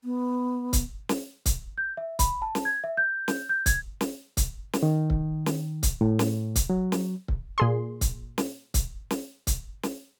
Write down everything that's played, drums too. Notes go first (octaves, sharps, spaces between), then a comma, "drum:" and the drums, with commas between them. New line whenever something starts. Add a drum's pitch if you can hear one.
B3
drum: kick C#1, hi-hat
drum: snare
drum: kick C#1, hi-hat
G6
E5
B5, drum: kick C#1, hi-hat
A5
drum: snare
G#6
E5
G6
drum: snare
G6
G#6, drum: kick C#1, hi-hat
drum: snare
drum: kick C#1, hi-hat
drum: snare
D#3
drum: kick C#1
drum: snare
drum: kick C#1, hi-hat
A2
drum: snare
drum: kick C#1, hi-hat
F#3
drum: snare
drum: kick C#1
A#2 G#4 C6
drum: kick C#1, hi-hat
drum: snare
drum: kick C#1, hi-hat
drum: snare
drum: kick C#1, hi-hat
drum: snare